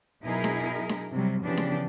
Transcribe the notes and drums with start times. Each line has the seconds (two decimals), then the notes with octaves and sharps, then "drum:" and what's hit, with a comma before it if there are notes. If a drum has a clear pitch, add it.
0.23 B2 F#3 D#4 E4 G#4 A#4
0.44 drum: snare D4
0.89 drum: snare D4
1.12 C3 F#3 G3
1.43 C#3 E3 F3 B3 D4 G4
1.57 drum: snare D4